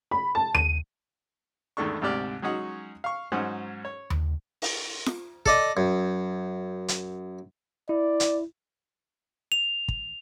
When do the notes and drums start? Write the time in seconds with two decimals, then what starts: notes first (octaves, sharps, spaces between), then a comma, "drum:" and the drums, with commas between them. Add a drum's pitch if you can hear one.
0.11 B5
0.35 A5
0.55 D#7, drum: tom D#2
1.77 G#1 E2 D#3 A3 D4 C#6
2.02 D2 G#2 C3 G4 D5 F6
2.42 F#3 G#3 C#4 D#4 F#4
3.04 F5 C#6
3.32 G#2 F#3 C#4 D#4 C5 F#5
3.85 C#5
4.10 drum: tom D#2
4.62 drum: open hi-hat
5.06 drum: snare F4
5.46 A4 D5 D#5, drum: kick
5.77 F#2
6.88 drum: hi-hat
7.89 E4 D5
8.20 drum: hi-hat
9.52 F7
9.88 drum: kick